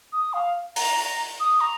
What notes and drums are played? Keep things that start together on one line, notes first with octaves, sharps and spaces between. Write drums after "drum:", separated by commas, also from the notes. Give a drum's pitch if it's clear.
D#6
F5
A#5, drum: open hi-hat
A#5
D#6
A#5